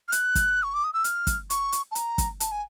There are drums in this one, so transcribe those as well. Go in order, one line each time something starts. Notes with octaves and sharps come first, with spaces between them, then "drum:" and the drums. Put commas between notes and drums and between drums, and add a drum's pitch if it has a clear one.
F6
F#6, drum: hi-hat
drum: kick, hi-hat
C#6
D6
D#6
E6
F6, drum: hi-hat
drum: kick, hi-hat
C#6, drum: hi-hat
drum: hi-hat
A5
A#5, drum: hi-hat
drum: kick, hi-hat
A5, drum: hi-hat
G#5